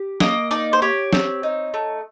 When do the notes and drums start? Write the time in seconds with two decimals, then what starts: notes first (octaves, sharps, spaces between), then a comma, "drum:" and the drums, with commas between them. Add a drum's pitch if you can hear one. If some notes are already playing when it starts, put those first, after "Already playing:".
Already playing: G4
0.20 A#3 D#5, drum: snare
0.51 D#4 D5
0.73 C5
0.82 G4 C#5
1.13 C4, drum: snare
1.43 D#4
1.74 A3